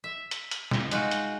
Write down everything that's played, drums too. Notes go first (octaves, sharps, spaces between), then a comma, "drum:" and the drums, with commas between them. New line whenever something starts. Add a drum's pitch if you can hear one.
E5
drum: hi-hat
drum: hi-hat
drum: snare
G#3 D#4 F4 F#4, drum: hi-hat
drum: hi-hat